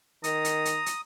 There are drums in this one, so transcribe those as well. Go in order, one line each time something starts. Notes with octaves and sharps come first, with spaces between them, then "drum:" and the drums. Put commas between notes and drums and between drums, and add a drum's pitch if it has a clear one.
D#3 A#5 D#6, drum: hi-hat
drum: hi-hat
drum: hi-hat
drum: hi-hat